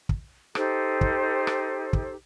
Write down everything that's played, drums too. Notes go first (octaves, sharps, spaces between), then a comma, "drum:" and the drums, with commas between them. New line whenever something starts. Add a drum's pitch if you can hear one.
drum: kick
D#4 G4 A4 C5, drum: rim click
drum: kick
drum: rim click
drum: kick